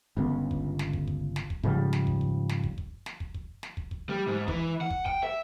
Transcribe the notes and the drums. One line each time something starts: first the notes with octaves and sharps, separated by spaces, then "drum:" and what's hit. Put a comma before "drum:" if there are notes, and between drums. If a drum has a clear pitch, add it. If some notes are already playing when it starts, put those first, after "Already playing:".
G1 C#2 C#3 B3
drum: kick
drum: snare
drum: kick
drum: kick
drum: snare
drum: kick
G#2 C#3 F3 G3, drum: kick
drum: snare
drum: kick
drum: kick
drum: snare
drum: kick
drum: kick
drum: snare
drum: kick
drum: kick
drum: snare
drum: kick
drum: kick
G3
G#2
E3, drum: kick
F#5
drum: kick
G5, drum: kick
E5